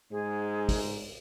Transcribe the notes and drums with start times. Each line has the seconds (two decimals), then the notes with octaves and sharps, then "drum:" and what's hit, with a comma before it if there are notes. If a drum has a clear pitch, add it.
0.11 G#2 G#3 G#4
0.69 drum: kick, open hi-hat